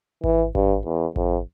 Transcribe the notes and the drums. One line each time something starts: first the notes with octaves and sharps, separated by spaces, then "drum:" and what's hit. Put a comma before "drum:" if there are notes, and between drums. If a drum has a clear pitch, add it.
E3, drum: kick G#1
G2, drum: kick G#1
E2
F2, drum: kick G#1